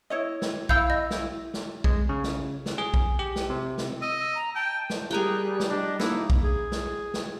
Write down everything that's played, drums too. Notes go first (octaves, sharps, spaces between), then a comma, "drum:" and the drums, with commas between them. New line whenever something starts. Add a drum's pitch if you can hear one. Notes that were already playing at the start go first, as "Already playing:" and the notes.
E4 C#5 D#5
drum: snare
E4 F5 B5 E6 G6, drum: kick A#1
D#5
E4, drum: snare
drum: snare
G#3, drum: kick A#1
C#3
drum: snare
drum: snare
G#4
drum: kick A#1
G4
drum: snare
C3
drum: snare
D#5 E6
E6
A#5
G5 A5
drum: snare
G3 G#4 A#4 G5 F#6
drum: snare
D4 D#5
A#3 D#4 E4, drum: snare
drum: kick A#1
G#4
drum: snare
drum: snare